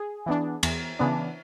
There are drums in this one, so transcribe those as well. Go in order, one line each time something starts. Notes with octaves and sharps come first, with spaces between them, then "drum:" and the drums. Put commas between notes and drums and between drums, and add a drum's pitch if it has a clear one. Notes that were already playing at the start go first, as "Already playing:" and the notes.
Already playing: G#4
E3 B3 D4
E2, drum: cymbal
C#3 E3 B3 D4